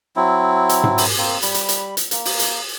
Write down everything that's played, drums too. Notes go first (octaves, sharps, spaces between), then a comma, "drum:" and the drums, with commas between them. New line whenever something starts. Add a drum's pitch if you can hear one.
F#3 C4 E4
drum: hi-hat
drum: tom G#2
drum: open hi-hat
A#3 C4
G3 B5, drum: hi-hat
drum: hi-hat
drum: hi-hat
drum: hi-hat
A#3, drum: hi-hat
drum: open hi-hat
drum: hi-hat